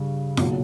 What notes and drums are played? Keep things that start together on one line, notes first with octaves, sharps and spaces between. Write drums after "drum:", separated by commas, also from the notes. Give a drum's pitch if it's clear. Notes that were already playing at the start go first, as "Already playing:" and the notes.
Already playing: G2 C#3
B1 A#2 F#3, drum: snare